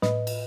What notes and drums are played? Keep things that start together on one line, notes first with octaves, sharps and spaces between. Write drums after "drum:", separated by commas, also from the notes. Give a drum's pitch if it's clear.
A2 B4 D#5, drum: snare
drum: cymbal